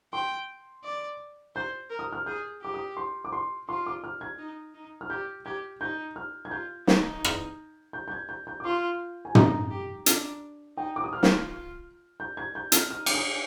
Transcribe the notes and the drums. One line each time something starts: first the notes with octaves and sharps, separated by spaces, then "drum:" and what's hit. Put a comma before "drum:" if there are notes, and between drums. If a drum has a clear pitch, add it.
G5 C6
D5
C5 G6
A#4
D#6
F6
G#4 G6
G4 D6
D#6
C6
D6
C6
F4 C6
D6
F6
G#6
D#4
D#4
F6
G4 G6
G4 G#6
D#4 G6
F6
G#6
F4 G6
D#4, drum: snare
drum: rim click
G6
G6
G#6
G6
G6
D6
F4 C6
G#5
D#4 A#5, drum: tom
G4
D4, drum: hi-hat
D#4 G5
D6
D#6
F4 F6
drum: snare
G6
G#6
G6
F6, drum: hi-hat
D#4 F6
D6, drum: cymbal
D#6